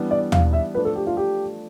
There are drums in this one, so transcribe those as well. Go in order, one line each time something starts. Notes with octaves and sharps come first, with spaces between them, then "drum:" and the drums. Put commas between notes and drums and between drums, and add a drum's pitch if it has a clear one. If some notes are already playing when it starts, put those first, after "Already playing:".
Already playing: E3 G3 B3 D4
D5
F5, drum: tom D#2
E5
F3 A3 D4 B4
A4
G4
F4
G4